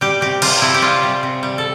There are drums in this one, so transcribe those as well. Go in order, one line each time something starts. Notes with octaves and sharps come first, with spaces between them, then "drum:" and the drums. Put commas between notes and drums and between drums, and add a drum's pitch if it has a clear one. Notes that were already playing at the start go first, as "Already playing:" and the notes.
G3 G4
C3 G4
G3 F4, drum: cymbal
C3 E4
G4
G3 F4
G3
C3
G3
A4